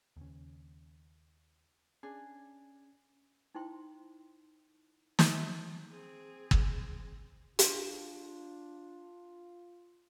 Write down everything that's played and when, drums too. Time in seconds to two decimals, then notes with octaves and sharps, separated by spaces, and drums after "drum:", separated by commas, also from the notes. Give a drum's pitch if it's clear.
0.17 D#2 C#3
2.03 C#4 D4 G#4
3.55 D#4 E4 C5 G5 C6
5.19 drum: snare
5.90 C4 G#4
6.51 drum: kick
7.59 D4 F4, drum: hi-hat